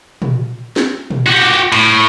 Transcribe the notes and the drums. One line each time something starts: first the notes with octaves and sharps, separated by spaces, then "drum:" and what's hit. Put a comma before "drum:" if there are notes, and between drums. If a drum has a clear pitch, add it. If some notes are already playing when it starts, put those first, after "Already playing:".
drum: tom
drum: snare
drum: tom
F#4 G4
A2, drum: cymbal